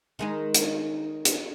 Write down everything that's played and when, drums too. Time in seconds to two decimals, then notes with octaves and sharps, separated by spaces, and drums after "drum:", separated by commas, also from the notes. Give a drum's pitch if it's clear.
0.19 D#3 G#3 D#4
0.54 drum: hi-hat
1.25 drum: hi-hat